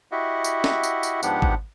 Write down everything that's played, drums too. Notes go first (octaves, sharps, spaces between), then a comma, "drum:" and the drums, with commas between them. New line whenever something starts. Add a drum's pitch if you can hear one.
E4 F#4 G4 D#5 E5 F#5
drum: tambourine
drum: snare
drum: tambourine
drum: tambourine
G#2 F3 B3 D4 G4 F#5, drum: tambourine
drum: kick G#1